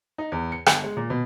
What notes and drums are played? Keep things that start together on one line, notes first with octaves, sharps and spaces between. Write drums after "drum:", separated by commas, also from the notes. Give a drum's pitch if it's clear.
D#4
E2
C#7
G1, drum: rim click
G#3
A#2
B2